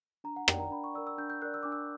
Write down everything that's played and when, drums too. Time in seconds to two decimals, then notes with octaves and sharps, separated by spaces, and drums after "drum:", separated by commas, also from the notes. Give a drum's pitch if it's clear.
0.24 D4 A#5
0.36 F#5
0.48 A#4 G5, drum: rim click
0.53 D5
0.60 A#5
0.71 D4 B5
0.84 C#6
0.94 A#4 D5 E6
1.07 E6
1.18 D4 G6
1.30 G6
1.42 A#4 D5 F#6
1.54 E6
1.63 D4 D6
1.72 E6